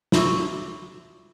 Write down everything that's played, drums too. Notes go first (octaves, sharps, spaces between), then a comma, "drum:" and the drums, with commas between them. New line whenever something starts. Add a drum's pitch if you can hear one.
F4 F#4 E5 C#6 D6 E6, drum: snare